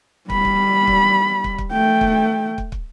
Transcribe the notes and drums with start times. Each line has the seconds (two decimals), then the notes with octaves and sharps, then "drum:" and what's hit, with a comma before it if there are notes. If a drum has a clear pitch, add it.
0.30 G3 B5, drum: kick
0.45 drum: kick
0.87 drum: kick
1.44 drum: kick
1.58 drum: kick
1.73 A3 G5
2.01 drum: kick
2.58 drum: kick
2.72 drum: kick